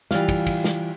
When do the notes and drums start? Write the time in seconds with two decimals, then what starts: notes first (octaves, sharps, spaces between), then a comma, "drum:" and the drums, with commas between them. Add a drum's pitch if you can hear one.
0.11 E3 G3 F4 F5, drum: snare
0.29 drum: kick, cymbal
0.46 drum: kick, cymbal
0.64 drum: snare